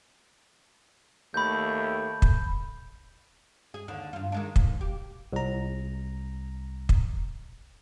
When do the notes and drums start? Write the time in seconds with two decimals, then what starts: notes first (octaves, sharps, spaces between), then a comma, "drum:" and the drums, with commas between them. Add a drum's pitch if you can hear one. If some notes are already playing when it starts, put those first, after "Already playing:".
1.34 D#2 A3 B5 G6
2.22 drum: kick
3.74 G#4
3.88 D#2 D3
4.13 G2 F4
4.32 D#3 G#3 D4
4.56 D#2, drum: kick
4.81 G4
5.33 C2 A#5
6.89 drum: kick